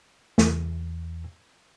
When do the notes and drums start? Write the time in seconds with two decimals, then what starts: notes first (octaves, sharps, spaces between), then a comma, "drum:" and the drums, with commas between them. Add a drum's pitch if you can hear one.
0.38 E2, drum: snare